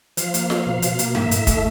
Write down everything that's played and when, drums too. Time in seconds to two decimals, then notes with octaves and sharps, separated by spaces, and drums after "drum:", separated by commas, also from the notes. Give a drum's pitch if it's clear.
0.17 F3 F5, drum: hi-hat
0.34 A#3, drum: hi-hat
0.50 F3, drum: snare
0.66 B2
0.82 B2, drum: hi-hat
0.99 A#3, drum: hi-hat
1.15 A2 E5, drum: tom G2
1.31 A2, drum: hi-hat
1.47 A3, drum: kick, hi-hat